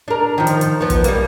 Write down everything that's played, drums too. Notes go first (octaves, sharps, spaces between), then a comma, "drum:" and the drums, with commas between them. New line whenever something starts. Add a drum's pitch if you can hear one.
D4 A#4
D#3 F3
drum: hi-hat
drum: hi-hat
F3 B3
drum: kick, hi-hat
G3 A#3, drum: hi-hat